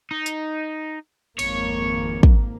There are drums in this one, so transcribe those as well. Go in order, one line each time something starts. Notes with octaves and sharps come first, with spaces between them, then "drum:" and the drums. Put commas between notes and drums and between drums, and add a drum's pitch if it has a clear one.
D#4
drum: hi-hat
G#1 F2 A#3 C#5, drum: cymbal
drum: kick